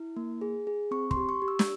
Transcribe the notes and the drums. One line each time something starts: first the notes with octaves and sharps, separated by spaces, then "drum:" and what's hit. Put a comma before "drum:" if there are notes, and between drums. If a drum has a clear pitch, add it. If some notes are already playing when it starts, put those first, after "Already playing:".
Already playing: E4
A#3
G#4
G#4
C4 C#6
C6, drum: kick
G4
C#6
G4
E6
E6, drum: snare